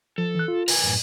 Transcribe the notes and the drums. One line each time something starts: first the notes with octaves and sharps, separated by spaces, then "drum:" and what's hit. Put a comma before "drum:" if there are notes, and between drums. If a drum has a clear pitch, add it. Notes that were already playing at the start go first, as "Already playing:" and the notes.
F3 A4
E3 F#6
F4
A#4 B4 G#5, drum: open hi-hat
F#2 A2